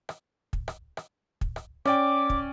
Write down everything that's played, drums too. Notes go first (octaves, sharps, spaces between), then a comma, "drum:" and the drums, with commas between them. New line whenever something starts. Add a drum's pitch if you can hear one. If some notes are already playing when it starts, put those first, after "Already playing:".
drum: rim click
drum: kick
drum: rim click
drum: rim click
drum: kick
drum: rim click
C#4 D5 G5 D6, drum: rim click
drum: kick